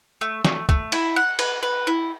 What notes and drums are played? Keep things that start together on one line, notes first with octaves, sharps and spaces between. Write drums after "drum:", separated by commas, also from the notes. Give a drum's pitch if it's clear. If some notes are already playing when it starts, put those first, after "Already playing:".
A3
A3, drum: snare
A3, drum: kick
E4, drum: cymbal
F#5
B4, drum: cymbal
B4
E4